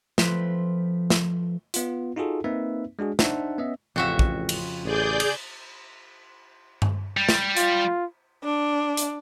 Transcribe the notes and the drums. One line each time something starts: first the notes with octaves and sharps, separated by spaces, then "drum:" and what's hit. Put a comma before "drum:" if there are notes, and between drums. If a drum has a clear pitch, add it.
F3 A3 C4 B4, drum: snare
drum: snare
B3 F4, drum: hi-hat
D#4 F4 F#4 G#4 A4
A#3 C4 D#4 B4 E5
G#3 D4 F#4 G#4
D4 D#4 C5 E5 F#5 A5, drum: snare
B3 C#4 D#5 E5
A1 F2 C#3 F#4 E5
drum: kick
drum: cymbal
A1 G#4 D5 G6
drum: cymbal
drum: tom G2
G3
drum: snare
F4, drum: hi-hat
D4
drum: hi-hat